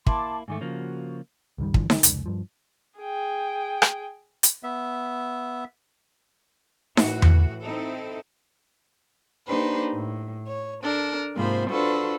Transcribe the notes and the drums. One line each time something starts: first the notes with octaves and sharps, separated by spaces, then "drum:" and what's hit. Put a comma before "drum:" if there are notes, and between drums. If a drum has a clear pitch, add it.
A#3 E4 A5 C6 D6, drum: kick
G#2 D#3 A3 G#5 D6
C#3 F3 A#3 F#4
C#2 G2 D#3 G3
G2 D3 E3 F3, drum: kick
D3 D#3 G3 G#3, drum: snare D#4
F1 C#2, drum: hi-hat
G2 F3
G#4 G5
drum: rim click
drum: hi-hat
B3 E5
A2 E3 F#4, drum: snare D#4
drum: tom E2
C4 D#4 E4 A4
A#3 D4 D#4 G4 B4 C5
A2
C#5
D4 A4 A#4
G#2 C3 F3 A#3 C5 B5
D4 F4 F#4 A4 B4 C5